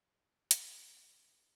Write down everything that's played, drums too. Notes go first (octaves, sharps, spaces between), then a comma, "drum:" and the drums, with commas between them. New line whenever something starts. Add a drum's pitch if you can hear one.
C2 F2 A#2
E1 C3, drum: hi-hat
D#1 G2 G3 C#4